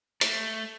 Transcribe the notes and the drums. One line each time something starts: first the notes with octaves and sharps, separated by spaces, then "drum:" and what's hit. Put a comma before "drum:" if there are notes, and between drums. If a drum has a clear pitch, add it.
A3, drum: hi-hat